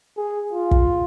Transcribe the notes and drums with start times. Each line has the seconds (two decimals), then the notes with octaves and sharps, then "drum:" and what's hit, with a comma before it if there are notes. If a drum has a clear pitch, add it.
0.17 G#4
0.53 F4
0.71 drum: kick